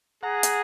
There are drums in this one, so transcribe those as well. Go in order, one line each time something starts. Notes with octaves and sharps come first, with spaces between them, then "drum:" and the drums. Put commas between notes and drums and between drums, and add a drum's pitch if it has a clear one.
G#4 F#5 A#5
drum: hi-hat